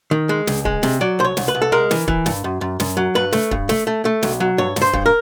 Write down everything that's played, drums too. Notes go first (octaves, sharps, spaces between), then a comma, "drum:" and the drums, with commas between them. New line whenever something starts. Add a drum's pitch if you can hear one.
D#3
G#3
C#2, drum: snare
G#3, drum: kick
C3, drum: snare
F#3 D5
C2 C5
C#5
C2, drum: snare
B4
C2
A4
G#3 A#4
E3, drum: snare
E3, drum: kick
G2, drum: snare
F#2
F#2
F#2, drum: snare
F#3
G2 B4
A3, drum: snare
G2, drum: kick
A3, drum: snare
A3
A3
B1, drum: snare
F#3
G2 C#5
G2, drum: snare
C5
G2, drum: kick
A#4